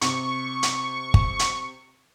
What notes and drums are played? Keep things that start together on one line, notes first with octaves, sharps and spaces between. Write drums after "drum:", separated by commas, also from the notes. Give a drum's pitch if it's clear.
C3 C#6, drum: hi-hat
drum: hi-hat
drum: kick G1
drum: hi-hat